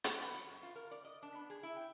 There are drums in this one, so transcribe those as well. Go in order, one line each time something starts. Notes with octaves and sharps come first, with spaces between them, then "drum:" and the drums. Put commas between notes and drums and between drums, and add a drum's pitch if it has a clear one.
drum: hi-hat
B3
F#3
F#2
F4
A#4
D5
D#5
D4
B3
G#4
E4
G5